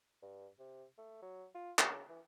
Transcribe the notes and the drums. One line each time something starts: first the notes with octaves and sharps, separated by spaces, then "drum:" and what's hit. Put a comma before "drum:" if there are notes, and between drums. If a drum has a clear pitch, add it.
G2
C3
A3
F#3
F4
C#3, drum: clap
E3